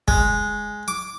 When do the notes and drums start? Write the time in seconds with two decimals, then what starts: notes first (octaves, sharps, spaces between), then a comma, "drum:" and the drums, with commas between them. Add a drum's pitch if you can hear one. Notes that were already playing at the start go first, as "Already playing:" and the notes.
0.08 G#3, drum: kick
0.88 D6